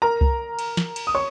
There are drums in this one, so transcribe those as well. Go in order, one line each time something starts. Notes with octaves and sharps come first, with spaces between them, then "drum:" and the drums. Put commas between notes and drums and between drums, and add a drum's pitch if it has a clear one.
A#4 A#5
drum: kick C2
drum: cymbal
drum: snare
drum: cymbal
D#6
C#5 C#6